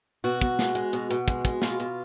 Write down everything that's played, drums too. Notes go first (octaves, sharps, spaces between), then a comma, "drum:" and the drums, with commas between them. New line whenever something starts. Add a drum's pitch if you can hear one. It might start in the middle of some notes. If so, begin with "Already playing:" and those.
B2 F#4
B2, drum: kick
G#3, drum: snare
G#3, drum: hi-hat
B2, drum: hi-hat
B2, drum: hi-hat
G#3, drum: kick, hi-hat
G#3, drum: kick, hi-hat
B2 F4, drum: snare
B2, drum: hi-hat